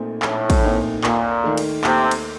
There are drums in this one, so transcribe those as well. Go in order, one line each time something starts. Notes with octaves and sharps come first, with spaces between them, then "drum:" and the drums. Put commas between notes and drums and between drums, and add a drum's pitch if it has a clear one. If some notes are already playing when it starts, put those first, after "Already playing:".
Already playing: A#1 A#2 A3 C4 D#4
A#1 A2, drum: clap
drum: kick, cymbal
A#2 A3 C4 D#4
D#2 A#2, drum: clap
D#3 A3
drum: cymbal
D#2 C3, drum: clap
drum: cymbal